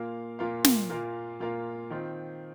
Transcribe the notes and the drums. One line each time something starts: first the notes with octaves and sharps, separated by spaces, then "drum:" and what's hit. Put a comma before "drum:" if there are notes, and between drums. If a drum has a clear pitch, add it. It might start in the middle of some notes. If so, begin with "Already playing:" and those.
Already playing: A#2 A#3 F4 A#4 F5
A#2 A#3 F4 A#4 F5
drum: snare
A#2 A#3 F4 A#4 F5
A#2 A#3 F4 A#4 F5
D#3 C4 F4